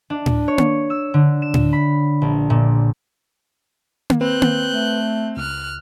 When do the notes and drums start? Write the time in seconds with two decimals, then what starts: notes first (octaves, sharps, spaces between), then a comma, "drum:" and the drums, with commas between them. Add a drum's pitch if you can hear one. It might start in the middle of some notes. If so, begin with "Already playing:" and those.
0.10 D4
0.26 drum: tom A2
0.48 C#5
0.58 drum: tom A#3
0.90 E6
1.14 D3
1.42 E7
1.54 drum: tom A2
1.73 B5
2.22 A#1
2.50 A#2
4.10 drum: tom A#3
4.21 C4 B4 F#6 G6
4.42 drum: tom A#3
4.70 A3
5.37 C#2 F6 F#6